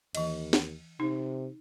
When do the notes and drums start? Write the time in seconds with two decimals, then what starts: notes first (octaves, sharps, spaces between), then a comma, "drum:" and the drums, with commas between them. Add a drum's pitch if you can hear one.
0.15 D#2 E3 D#5, drum: cymbal
0.53 drum: snare
1.00 C3 D#4